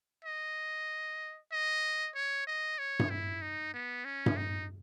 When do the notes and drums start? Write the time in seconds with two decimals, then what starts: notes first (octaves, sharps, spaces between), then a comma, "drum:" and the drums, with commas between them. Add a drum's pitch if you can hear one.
0.25 D#5
1.52 D#5
2.15 C#5
2.47 D#5
2.78 C#5
2.99 drum: tom G2
3.10 E4
3.42 D#4
3.74 B3
4.05 C#4
4.26 drum: tom G2
4.37 D#4